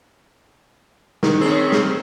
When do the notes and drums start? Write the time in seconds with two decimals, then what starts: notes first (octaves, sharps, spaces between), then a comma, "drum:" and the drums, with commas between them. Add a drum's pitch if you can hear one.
1.23 D#3, drum: snare
1.41 C4 C#4 G#4
1.72 drum: snare